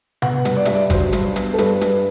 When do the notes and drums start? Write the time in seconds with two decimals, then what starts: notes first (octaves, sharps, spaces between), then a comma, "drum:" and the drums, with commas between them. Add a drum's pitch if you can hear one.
0.22 B3 F#5, drum: tom C3
0.45 G2, drum: hi-hat
0.56 D5
0.65 G2 E5, drum: hi-hat
0.74 D5
0.90 F#3 C5, drum: kick G#1, hi-hat
1.13 G2, drum: hi-hat
1.36 B3, drum: hi-hat
1.54 A4
1.58 G2 B4, drum: hi-hat
1.81 G2, drum: hi-hat